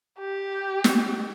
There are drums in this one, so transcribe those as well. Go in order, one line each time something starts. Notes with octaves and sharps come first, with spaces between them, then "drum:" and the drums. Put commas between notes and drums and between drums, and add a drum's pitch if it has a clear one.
G4
drum: snare